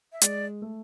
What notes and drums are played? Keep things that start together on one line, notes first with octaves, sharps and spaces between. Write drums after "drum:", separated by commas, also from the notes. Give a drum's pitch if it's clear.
E5
G#3 D5, drum: hi-hat
A3